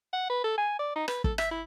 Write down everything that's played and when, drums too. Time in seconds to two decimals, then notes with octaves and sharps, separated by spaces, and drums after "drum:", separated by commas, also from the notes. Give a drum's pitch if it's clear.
0.13 F#5
0.30 B4
0.44 A4
0.58 G#5
0.79 D5
0.96 D#4
1.08 B4, drum: rim click
1.24 A4, drum: kick
1.38 E5, drum: rim click
1.51 E4